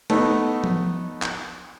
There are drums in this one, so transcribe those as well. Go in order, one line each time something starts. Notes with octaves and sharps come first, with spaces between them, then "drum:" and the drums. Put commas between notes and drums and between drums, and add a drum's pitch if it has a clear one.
A3 B3 D#4, drum: cymbal
drum: tom F3
drum: clap